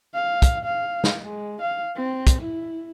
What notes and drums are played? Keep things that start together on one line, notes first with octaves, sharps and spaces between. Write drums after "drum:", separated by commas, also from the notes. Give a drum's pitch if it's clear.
F5
drum: kick, hi-hat
F5
drum: snare
G#3
F5
C4
drum: kick, hi-hat
E4